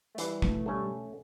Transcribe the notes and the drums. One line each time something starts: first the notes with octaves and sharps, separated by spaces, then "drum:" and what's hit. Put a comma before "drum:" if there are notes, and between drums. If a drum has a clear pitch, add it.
A3
E3 G3, drum: hi-hat
A3, drum: kick
G3 A3 C#4